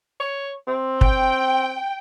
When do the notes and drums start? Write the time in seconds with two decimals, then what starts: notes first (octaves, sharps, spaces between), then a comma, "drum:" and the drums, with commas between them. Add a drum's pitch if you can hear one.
0.20 C#5
0.68 C4
1.01 G5, drum: kick